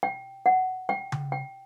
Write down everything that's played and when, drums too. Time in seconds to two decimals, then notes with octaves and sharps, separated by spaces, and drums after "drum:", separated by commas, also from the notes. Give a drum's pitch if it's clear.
0.03 G5
0.46 F#5
0.89 G5
1.12 drum: tom C#3
1.32 G5